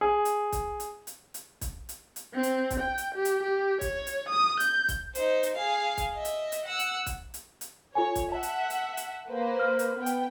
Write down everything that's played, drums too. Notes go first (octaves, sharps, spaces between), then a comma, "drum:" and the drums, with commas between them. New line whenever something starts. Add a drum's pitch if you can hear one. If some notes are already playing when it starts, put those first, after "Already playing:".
G#4
drum: hi-hat
drum: kick B1, hi-hat
drum: hi-hat
drum: hi-hat
drum: hi-hat
drum: kick B1, hi-hat
drum: hi-hat
drum: hi-hat
C4
drum: hi-hat
drum: kick B1, hi-hat
G5
drum: hi-hat
G4
drum: hi-hat
G4
C#5, drum: kick B1, hi-hat
drum: hi-hat
D#6
G6, drum: hi-hat
drum: kick B1, hi-hat
D#4 C5, drum: hi-hat
drum: hi-hat
G#4 F5
drum: kick B1, hi-hat
D#5 E5
drum: hi-hat
drum: hi-hat
F#5 E6
drum: hi-hat
drum: kick B1, hi-hat
drum: hi-hat
drum: hi-hat
F4 A4 C#5 G#5
drum: kick B1, hi-hat
E5 F#5 A5
drum: hi-hat
drum: hi-hat
drum: hi-hat
A#3 B4 C5
F6
drum: hi-hat
B3 G5
drum: hi-hat